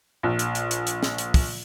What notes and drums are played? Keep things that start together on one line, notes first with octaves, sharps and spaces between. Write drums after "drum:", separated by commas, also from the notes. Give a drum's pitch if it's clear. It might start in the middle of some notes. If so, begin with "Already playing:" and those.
A#1
drum: hi-hat
drum: hi-hat
drum: hi-hat
drum: hi-hat
drum: snare
drum: hi-hat
drum: kick, open hi-hat